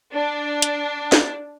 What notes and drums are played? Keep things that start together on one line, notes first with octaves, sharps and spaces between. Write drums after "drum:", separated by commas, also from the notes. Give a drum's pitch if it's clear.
D4
drum: hi-hat
drum: snare